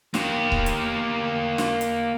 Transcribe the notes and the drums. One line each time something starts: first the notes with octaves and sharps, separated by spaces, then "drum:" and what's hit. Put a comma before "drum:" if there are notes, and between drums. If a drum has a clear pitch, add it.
A#3 G4, drum: snare
drum: kick C#1
drum: hi-hat
drum: snare
drum: hi-hat